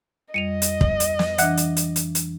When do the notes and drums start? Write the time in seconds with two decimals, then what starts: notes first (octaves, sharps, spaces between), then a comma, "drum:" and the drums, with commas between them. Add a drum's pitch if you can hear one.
0.34 F2 G3 D#5 C#7 D#7 F7
0.62 drum: hi-hat
0.81 drum: kick
1.00 drum: hi-hat
1.19 drum: snare
1.38 E3 D4 E5 F#5 F#6, drum: hi-hat
1.57 drum: hi-hat
1.77 drum: hi-hat
1.96 drum: hi-hat
2.15 drum: hi-hat